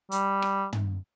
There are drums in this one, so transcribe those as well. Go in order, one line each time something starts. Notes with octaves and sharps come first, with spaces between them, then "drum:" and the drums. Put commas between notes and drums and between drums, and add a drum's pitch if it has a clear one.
G3, drum: hi-hat
drum: rim click
drum: tom